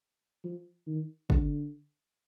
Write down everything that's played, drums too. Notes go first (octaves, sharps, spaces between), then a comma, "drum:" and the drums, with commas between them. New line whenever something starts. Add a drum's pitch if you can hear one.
F3
D#3
D3, drum: kick G1